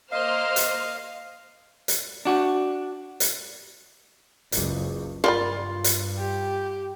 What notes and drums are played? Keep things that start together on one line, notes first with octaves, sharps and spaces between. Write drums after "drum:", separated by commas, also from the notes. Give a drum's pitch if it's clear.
A#3 C5 D#5 F5 F6
drum: hi-hat
drum: hi-hat
D4 F#4
drum: hi-hat
F#1 C#2, drum: hi-hat
G2 F4 A#4 D5 B5
drum: hi-hat
G4